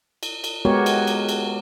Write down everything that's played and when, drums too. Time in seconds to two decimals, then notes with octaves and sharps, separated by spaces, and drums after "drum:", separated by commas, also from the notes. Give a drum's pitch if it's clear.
0.23 drum: cymbal
0.44 drum: cymbal
0.65 G#3 B3 F#4 G4 A#4 C#5
0.86 drum: cymbal
1.07 drum: cymbal
1.29 drum: cymbal